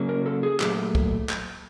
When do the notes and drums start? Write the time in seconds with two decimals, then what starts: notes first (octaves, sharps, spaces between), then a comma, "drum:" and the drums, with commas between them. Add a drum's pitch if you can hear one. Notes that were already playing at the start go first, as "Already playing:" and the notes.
Already playing: C#3 F#3 A#3 C#4
0.09 A#4
0.26 A4
0.43 G#4
0.60 A#2 F#3 A3 G4, drum: clap
0.95 drum: kick
1.29 drum: clap